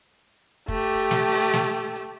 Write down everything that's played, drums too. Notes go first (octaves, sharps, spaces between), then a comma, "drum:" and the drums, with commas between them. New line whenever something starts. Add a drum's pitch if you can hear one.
A3 G4, drum: kick, hi-hat
drum: snare
drum: open hi-hat
drum: snare
drum: hi-hat